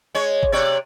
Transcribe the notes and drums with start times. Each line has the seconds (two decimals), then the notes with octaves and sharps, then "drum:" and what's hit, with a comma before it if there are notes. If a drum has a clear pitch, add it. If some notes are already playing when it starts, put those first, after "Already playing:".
0.15 G#3 C#5
0.43 drum: kick
0.52 C3 C#5 D5